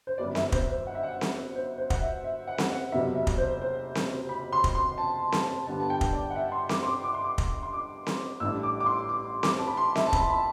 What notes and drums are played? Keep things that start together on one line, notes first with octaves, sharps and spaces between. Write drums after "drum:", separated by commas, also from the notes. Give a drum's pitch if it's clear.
C5
G1 F#2 F#3 B3 D5
E5, drum: snare C4
C5, drum: kick
C5
F#5
E5
F#5
drum: snare C4
C5
C5
F#5, drum: kick
E5
E5
F#5
drum: snare C4
F#5
F#1 E2 C3 F#3 E5
E5
drum: kick
C5
C5
drum: snare C4
B5
C6
drum: kick
C6
A5
A5, drum: snare C4
G2 D3 G3 B3 A5
A5
G5
drum: kick
D5
F#5
E5
C6
D6, drum: snare C4
C6
D6
D6
C6
D6
drum: kick
C6
D6
drum: snare C4
A1 A2 G3 D4 E6
D6
D6
C6
D6
D6, drum: snare C4
A5
B5
C6
E5, drum: snare C4
A5
B5, drum: kick
B5